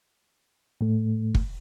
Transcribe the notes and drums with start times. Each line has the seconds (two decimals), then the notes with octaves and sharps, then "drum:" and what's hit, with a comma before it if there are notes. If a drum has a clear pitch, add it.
0.81 A2 A3
1.35 drum: kick